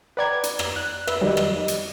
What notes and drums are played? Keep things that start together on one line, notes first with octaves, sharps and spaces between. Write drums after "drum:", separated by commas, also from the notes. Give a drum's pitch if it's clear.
B4 D5 F#5 G5 A#5 G#6
drum: hi-hat
drum: rim click
F#6
B4 E5, drum: rim click
D#3 F#3 G3 G4 D5 D#5
drum: rim click
drum: hi-hat